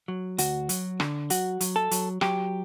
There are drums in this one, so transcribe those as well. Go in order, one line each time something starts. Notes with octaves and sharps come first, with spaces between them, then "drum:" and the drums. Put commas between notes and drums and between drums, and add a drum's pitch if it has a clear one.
F#3
D2 F#4, drum: hi-hat
F#3, drum: hi-hat
D3, drum: rim click
F#3 F#4, drum: hi-hat
F#3, drum: hi-hat
A4
F#3, drum: hi-hat
F#3 G4, drum: rim click